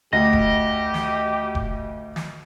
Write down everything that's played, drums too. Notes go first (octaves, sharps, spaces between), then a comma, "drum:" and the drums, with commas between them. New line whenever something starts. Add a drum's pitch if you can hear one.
D2 G4 D#5 A#6
drum: kick E1
drum: snare
drum: kick E1
drum: snare